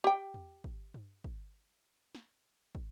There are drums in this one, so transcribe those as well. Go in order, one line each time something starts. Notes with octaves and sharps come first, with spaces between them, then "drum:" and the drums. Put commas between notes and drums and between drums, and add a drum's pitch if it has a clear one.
G4 G5
drum: tom E2
drum: kick
drum: tom G2
drum: kick
drum: snare
drum: kick